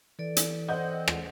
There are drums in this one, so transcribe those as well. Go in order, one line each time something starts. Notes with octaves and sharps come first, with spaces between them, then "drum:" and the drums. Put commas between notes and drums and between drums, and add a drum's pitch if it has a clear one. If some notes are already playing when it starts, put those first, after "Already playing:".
E3 A4 D5
drum: hi-hat
C4 D#5 F#5 G6
drum: rim click